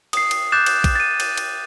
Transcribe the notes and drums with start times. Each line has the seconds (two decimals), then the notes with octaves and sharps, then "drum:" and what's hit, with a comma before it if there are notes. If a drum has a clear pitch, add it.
0.13 D#6 C7, drum: cymbal
0.31 drum: cymbal
0.52 D6 F#6 G6 A6 E7
0.66 drum: cymbal
0.84 drum: kick A#1, cymbal
0.95 A6 D#7
1.20 drum: cymbal
1.37 drum: cymbal